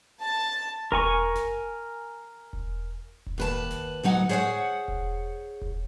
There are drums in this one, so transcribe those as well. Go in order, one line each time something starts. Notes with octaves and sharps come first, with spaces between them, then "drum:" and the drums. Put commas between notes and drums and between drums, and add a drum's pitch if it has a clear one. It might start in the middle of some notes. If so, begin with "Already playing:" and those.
A5
A#4 G#5 C#6, drum: kick E1
drum: snare F#1
drum: kick E1
drum: kick E1
D#2 B4 A5
drum: snare F#1
D2 F#3 D#4 F#5
G#4 C5 C#5 E5 F#5
drum: kick E1
drum: kick E1